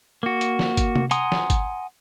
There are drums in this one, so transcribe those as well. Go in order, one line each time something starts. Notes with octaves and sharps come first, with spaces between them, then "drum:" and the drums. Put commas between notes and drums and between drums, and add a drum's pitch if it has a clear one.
A#3 F#4
drum: hi-hat
drum: snare
drum: kick G#1, hi-hat
drum: tom C3
F#5 G#5 A#5 C6 D#6, drum: hi-hat
drum: snare
drum: kick G#1, hi-hat